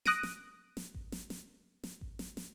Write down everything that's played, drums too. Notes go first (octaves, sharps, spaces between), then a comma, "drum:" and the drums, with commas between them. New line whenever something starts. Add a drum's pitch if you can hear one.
D#6 F#6 A#6 D7 D#7, drum: snare
drum: snare
drum: snare
drum: kick G#1
drum: snare
drum: snare
drum: snare
drum: kick G#1
drum: snare
drum: snare